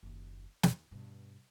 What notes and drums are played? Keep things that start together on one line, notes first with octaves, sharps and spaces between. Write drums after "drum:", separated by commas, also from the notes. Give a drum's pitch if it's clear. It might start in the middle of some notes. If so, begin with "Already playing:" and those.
F#1 D#2
D#2, drum: snare
G2 B2